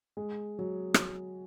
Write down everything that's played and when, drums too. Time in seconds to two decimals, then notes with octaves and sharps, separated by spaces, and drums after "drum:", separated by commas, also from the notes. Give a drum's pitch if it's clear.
0.17 G#3
0.59 F#3
0.94 drum: rim click